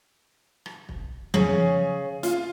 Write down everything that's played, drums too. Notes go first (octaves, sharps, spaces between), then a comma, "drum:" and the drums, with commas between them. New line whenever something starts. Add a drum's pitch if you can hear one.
drum: rim click
drum: kick
C#3 C#4 G#4, drum: tom F3
F4, drum: hi-hat